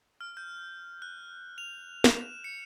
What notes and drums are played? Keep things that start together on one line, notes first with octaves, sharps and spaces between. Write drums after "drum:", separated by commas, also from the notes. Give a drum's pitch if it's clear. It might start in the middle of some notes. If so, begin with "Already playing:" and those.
F6
G6
F#6
F7
E7, drum: snare
C#7